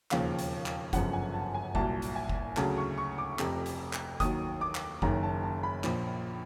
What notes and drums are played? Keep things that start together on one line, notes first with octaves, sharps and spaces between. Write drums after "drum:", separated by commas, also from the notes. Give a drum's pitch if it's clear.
E1 D#2 C#3 F3 F5, drum: clap
drum: hi-hat
drum: clap
G1 F#2 C#3 F3 F#5, drum: kick F#1, hi-hat
G#5
A5
G#5
C2 A#2 F#3 A5, drum: kick F#1
drum: hi-hat
G#5
drum: kick F#1
D2 C#3 F#3 A5, drum: clap
C#6
C#6
D6
F1 F2 C3, drum: clap
drum: hi-hat
drum: clap
D#2 D#3 F#3 D#6, drum: kick F#1, hi-hat
D6
drum: clap
F#1 F#2 D#3 A#5, drum: kick F#1
A5
A5
B5
A#1 A#2 F3, drum: clap